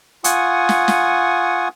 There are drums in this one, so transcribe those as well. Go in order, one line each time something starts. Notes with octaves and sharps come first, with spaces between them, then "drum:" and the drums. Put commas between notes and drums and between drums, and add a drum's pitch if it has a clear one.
F4 F#5 G#5 C#6 D#6, drum: hi-hat
drum: snare
drum: snare